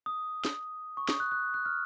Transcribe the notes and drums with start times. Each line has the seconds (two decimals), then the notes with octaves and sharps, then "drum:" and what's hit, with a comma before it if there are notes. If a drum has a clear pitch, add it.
0.06 D#6
0.45 drum: snare
0.97 C#6
1.09 D#6, drum: snare
1.20 F#6
1.32 F#6
1.54 F#6
1.66 F6